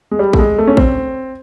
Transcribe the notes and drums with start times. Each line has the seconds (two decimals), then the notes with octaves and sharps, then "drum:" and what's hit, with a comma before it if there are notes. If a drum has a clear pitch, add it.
0.11 G#3
0.19 G3
0.33 A3, drum: kick
0.39 G#3
0.58 A3
0.67 C#4
0.77 C4, drum: kick